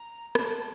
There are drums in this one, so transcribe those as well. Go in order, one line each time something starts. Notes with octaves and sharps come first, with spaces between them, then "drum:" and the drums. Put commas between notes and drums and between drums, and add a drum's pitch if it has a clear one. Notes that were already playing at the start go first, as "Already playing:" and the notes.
Already playing: A#5
A5, drum: rim click
A5